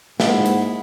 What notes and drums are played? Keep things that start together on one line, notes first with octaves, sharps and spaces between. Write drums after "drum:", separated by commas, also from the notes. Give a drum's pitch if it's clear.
G#2 G#3 A#3 E4 F#5, drum: snare
drum: hi-hat